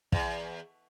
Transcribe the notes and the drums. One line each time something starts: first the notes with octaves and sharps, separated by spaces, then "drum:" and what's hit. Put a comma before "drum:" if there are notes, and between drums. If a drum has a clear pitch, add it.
E2, drum: kick